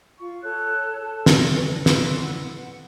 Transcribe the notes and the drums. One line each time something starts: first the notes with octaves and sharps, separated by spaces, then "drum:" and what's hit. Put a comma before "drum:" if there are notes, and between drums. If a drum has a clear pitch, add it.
F4 C#6
A4 C#5 F#6
A4
drum: snare
B4
E4 B4 C6 E6, drum: snare
F#5